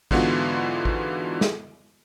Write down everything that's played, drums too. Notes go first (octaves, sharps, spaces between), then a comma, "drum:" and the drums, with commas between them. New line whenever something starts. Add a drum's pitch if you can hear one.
G#2 D3 E3 B3 F4 F#4, drum: kick
drum: kick
drum: snare